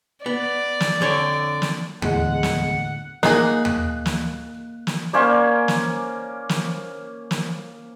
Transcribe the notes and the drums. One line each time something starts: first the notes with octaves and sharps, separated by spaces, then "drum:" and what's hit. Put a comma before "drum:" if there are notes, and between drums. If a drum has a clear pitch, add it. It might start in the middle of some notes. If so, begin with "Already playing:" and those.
B3 D5
drum: snare
F2 D3 C#5
drum: snare
E2 A2 D3 G#3 A3 F#5, drum: tom D#2
drum: snare
A#3 D#4 G#4 F#6, drum: snare
drum: tom D#2
drum: snare
drum: snare
A#3 C#4 C5 D5
drum: snare
drum: snare
drum: snare